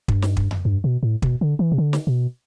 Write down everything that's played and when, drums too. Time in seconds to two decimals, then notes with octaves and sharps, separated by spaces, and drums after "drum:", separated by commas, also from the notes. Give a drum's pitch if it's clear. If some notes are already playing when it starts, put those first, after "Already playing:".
0.08 G2, drum: kick
0.22 drum: snare
0.37 drum: kick
0.51 drum: tom F2
0.65 G2
0.84 B2
1.03 A2
1.22 B2, drum: kick
1.41 D3
1.59 E3
1.72 C3
1.78 D3
1.93 drum: snare
2.07 B2